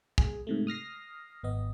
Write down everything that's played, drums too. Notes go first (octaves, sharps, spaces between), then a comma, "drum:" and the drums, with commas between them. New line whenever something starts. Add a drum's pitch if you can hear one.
G#4, drum: kick
G#2 C3 A3
D#6 F6 A#6 C7
G#1 B3 D#5